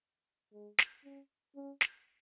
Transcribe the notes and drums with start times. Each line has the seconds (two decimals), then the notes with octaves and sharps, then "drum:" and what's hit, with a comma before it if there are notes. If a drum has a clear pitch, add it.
0.53 G#3
0.79 drum: snare
1.04 C#4
1.56 C#4
1.81 drum: snare